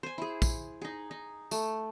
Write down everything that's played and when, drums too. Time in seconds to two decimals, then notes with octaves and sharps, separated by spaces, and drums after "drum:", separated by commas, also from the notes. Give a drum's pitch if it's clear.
0.03 C5 G#5
0.18 E4 G#4
0.42 drum: kick, tambourine
0.81 D#4 G#4
1.11 D#4
1.51 A3, drum: tambourine